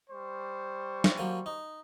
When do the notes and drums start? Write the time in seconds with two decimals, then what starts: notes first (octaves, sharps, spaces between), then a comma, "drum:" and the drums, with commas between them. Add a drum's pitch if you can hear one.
0.10 G3 C5 C#6
1.04 drum: snare
1.18 F#3 A#3 G#5
1.46 D#4